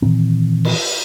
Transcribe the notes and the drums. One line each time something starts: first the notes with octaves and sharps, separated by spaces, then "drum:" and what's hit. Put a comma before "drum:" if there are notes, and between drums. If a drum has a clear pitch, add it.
A#2 D#3 E3 C4
drum: cymbal